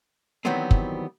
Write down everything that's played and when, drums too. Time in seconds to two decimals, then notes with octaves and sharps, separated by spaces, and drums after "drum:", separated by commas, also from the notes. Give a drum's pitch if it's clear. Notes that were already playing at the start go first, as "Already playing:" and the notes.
0.45 D#3 E3 F#3 G3 B3 C4
0.71 drum: kick